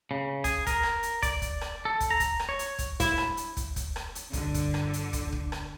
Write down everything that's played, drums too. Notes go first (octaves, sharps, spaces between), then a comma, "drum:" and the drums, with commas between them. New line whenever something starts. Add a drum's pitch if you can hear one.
C#3
G#4, drum: kick, hi-hat
A#4, drum: kick, hi-hat
drum: rim click
drum: hi-hat
D5, drum: kick, hi-hat
drum: kick, hi-hat
drum: rim click
A4
drum: kick, hi-hat
A#5
drum: kick, hi-hat
drum: rim click
C#5
drum: hi-hat
drum: kick, hi-hat
E4, drum: kick, hi-hat
drum: rim click
drum: hi-hat
drum: kick, hi-hat
drum: kick, hi-hat
drum: rim click
drum: hi-hat
G1 D3, drum: kick, hi-hat
drum: kick, hi-hat
drum: rim click
drum: hi-hat
drum: kick, hi-hat
drum: kick
drum: rim click